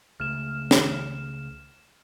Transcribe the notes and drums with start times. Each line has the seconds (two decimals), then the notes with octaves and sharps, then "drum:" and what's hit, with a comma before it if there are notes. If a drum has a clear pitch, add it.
0.20 C#2 C#3 A3 F6 E7
0.71 drum: snare